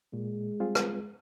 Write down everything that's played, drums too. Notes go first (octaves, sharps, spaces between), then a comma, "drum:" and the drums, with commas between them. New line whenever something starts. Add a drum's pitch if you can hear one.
A#2 G#3
G3 C4 F4 G#4
drum: rim click